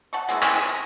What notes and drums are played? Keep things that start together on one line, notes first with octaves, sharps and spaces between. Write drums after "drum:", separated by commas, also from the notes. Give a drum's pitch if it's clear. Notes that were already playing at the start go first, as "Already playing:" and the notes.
F#5 A5 C#6
G#3 B3 E4 F#4
G#3 C4 G#4, drum: clap
G#4, drum: tambourine
A#4, drum: tambourine